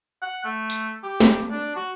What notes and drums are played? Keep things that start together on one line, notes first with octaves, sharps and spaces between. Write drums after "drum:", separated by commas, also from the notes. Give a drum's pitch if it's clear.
F#5
A3
drum: hi-hat
G4
drum: snare
D4
F#4